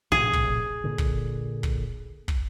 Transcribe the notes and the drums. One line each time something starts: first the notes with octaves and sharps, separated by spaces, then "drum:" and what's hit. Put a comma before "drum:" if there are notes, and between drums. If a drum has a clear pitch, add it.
A#1 A2 C3 G#4
drum: kick
A#2 D3
drum: kick
drum: kick
drum: kick